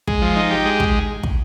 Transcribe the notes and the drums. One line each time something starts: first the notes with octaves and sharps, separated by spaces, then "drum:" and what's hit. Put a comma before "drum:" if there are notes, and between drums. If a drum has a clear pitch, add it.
G#3, drum: kick
F3
D#4
G4
G#3
drum: kick
drum: kick